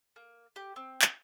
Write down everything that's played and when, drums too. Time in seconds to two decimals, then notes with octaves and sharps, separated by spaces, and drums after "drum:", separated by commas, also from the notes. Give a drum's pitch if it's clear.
0.16 A#3
0.56 G4
0.76 C4
1.02 drum: clap